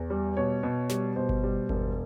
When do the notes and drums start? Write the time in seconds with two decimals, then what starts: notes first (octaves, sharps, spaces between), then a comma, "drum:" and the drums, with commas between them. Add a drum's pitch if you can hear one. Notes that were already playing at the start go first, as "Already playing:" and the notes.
Already playing: E2
0.10 G3
0.37 B2 C#5
0.63 B2
0.90 G3, drum: snare
1.16 B2 C5
1.29 drum: kick G1
1.43 G3
1.69 E1, drum: kick G1